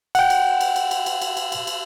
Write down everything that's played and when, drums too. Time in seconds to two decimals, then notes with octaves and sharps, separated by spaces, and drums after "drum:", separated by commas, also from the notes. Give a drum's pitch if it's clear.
0.15 F#5 G5, drum: cymbal
0.30 drum: cymbal
0.61 drum: cymbal
0.76 drum: cymbal
0.91 drum: cymbal
1.06 drum: cymbal
1.21 drum: cymbal
1.37 drum: cymbal
1.52 drum: cymbal
1.67 drum: cymbal